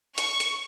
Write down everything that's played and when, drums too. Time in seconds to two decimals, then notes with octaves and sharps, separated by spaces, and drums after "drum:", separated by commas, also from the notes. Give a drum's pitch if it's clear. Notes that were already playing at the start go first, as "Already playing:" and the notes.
0.18 C#6, drum: hi-hat
0.40 drum: hi-hat